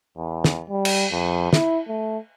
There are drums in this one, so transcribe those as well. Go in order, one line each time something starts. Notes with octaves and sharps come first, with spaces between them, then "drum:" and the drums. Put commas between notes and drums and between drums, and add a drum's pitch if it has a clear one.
E2
drum: snare
G3
drum: cymbal
F2
E4, drum: snare
A3